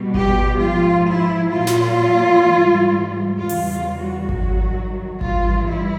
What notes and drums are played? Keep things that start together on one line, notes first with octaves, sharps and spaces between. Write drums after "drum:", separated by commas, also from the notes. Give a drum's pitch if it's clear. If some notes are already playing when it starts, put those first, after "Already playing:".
Already playing: B2 G3
G4, drum: kick G#1
G#2 F3 F4
E4
A#2 F#3 F4
drum: snare
G#2 E3 G3
E2 C#3 E3 G3 F4
drum: open hi-hat
F4
F#4
G2 D#3 F#3, drum: kick G#1
G2 E3 G3 F4, drum: kick G#1
E4